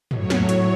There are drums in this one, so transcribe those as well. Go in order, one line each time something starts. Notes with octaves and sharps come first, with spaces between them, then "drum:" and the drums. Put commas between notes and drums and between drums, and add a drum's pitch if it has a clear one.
A2 F#3 C#5, drum: tom
drum: snare
drum: hi-hat